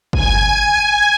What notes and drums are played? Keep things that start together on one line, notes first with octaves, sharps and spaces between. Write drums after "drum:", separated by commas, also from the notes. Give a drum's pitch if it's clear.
G#5 G#6, drum: kick